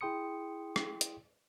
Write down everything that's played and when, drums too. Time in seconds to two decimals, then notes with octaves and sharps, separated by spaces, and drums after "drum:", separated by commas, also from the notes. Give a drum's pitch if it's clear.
0.01 E4 G#4 G5 C6 D#6 C#7
0.76 drum: rim click
1.01 drum: hi-hat